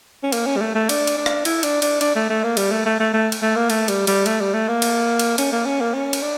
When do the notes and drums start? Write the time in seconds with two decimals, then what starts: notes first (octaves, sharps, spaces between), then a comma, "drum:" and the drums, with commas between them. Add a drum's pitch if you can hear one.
0.23 C#4
0.32 A#3, drum: cymbal
0.46 C#4
0.57 G3
0.61 A3
0.75 A3
0.89 D4, drum: cymbal
1.07 drum: cymbal
1.17 D4
1.26 drum: rim click
1.45 E4, drum: cymbal
1.63 D4, drum: cymbal
1.82 D4, drum: cymbal
2.01 D4, drum: cymbal
2.15 A3
2.29 A3
2.43 A#3
2.57 G3, drum: cymbal
2.71 A3
2.86 A3
2.99 A3
3.13 A3
3.32 drum: cymbal
3.42 A3
3.56 A#3
3.70 A3, drum: cymbal
3.88 G3, drum: cymbal
4.07 G3, drum: cymbal
4.26 A3, drum: cymbal
4.40 G3
4.54 A3
4.68 A#3
4.82 drum: cymbal
5.19 drum: cymbal
5.38 C#4, drum: cymbal
5.52 A#3
5.66 C#4
5.80 A#3
5.94 C#4
6.13 drum: cymbal
6.23 D4